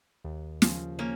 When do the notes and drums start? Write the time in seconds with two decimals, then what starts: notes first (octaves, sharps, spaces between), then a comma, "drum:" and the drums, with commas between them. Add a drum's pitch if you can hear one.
0.25 D#2
0.62 C#3 F3, drum: snare
0.99 A#3 C#4